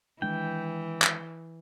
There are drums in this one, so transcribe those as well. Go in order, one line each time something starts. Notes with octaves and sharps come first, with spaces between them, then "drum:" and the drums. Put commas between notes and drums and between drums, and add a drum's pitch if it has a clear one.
D#3 E3 G#3 D4 G5
drum: clap